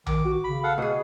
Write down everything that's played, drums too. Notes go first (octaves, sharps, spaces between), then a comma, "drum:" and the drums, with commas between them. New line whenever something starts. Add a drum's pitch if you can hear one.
D#3 D6, drum: tom A#1
F#4
C#3 B5
A4 F5 F#5
B2 B3 G#4